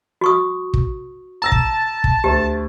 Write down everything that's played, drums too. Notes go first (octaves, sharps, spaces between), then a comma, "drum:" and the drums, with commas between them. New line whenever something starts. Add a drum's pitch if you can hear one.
F#4 C#6 D#6
drum: kick
A5 A#5 E6 A#6
drum: kick
drum: kick
D2 G4